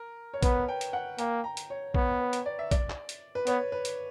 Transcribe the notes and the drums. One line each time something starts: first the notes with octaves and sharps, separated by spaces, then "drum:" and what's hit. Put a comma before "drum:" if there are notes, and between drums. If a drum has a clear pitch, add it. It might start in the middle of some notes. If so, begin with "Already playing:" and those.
Already playing: A#4
C#5
B3 B4, drum: kick, hi-hat
G5
drum: hi-hat
F#5
A#3 G5, drum: hi-hat
A#5
drum: hi-hat
C#5
B3 C#5, drum: kick
B4
drum: hi-hat
D5
E5
D5, drum: kick, hi-hat
drum: clap
drum: hi-hat
B4
B3 C#5, drum: hi-hat
B4
drum: hi-hat